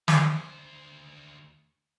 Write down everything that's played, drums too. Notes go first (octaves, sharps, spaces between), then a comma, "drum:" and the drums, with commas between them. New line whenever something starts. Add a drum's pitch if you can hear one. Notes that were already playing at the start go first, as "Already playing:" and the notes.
D2 C5, drum: snare